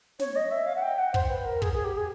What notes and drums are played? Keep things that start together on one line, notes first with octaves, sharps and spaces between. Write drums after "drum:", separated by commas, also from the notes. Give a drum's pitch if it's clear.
C#5, drum: snare
D#5
E5
F5
F#5
G5
F#5
C5, drum: kick
B4
A#4
G#4, drum: kick
G#4
G4
G#4